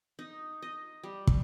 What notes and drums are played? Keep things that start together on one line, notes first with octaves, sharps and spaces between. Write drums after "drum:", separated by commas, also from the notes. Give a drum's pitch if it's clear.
D#4
D#5
G3
drum: kick